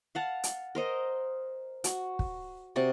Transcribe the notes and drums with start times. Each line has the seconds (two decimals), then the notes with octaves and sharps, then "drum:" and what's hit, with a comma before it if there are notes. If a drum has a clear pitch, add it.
0.15 F5 F#5 A5
0.44 drum: hi-hat
0.75 A#4 C5 D#5 F#5
1.84 F#4, drum: hi-hat
2.19 drum: kick
2.76 C3 F#4 D5